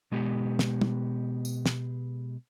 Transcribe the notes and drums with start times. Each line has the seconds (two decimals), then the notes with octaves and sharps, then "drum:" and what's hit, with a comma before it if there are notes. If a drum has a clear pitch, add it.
0.12 B2 G#3 B3 G4
0.59 drum: snare
0.81 drum: tom
1.45 drum: tambourine
1.66 drum: snare